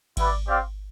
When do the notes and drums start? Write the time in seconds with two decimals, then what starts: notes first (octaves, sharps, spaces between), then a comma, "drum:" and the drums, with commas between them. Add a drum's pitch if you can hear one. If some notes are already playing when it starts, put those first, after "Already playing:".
0.17 G3 B3 E4 B4 D5, drum: kick G#1, cymbal
0.47 C4 G4 D5 F5